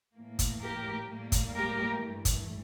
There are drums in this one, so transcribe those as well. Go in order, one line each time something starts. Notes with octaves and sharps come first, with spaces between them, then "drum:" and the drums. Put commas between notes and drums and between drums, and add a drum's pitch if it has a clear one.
A2 E3 A#3
drum: kick G1, hi-hat
G4 A#4
A2 G3 A#3
drum: kick G1, hi-hat
G4 A#4
G2 E3 A3
drum: kick G1, hi-hat